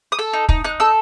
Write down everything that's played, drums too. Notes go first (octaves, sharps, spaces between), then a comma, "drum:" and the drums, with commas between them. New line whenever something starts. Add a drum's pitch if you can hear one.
D#6
A4 E6
D#4
D#4, drum: kick
D#4 F#6
A4 E6